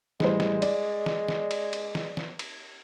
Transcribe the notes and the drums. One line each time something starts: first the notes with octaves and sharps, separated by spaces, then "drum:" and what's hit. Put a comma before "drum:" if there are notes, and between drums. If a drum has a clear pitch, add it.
A1 G3 G#3 C5, drum: snare
drum: snare
D5, drum: cymbal
drum: snare
drum: snare
drum: cymbal
drum: cymbal
drum: snare
drum: snare
drum: cymbal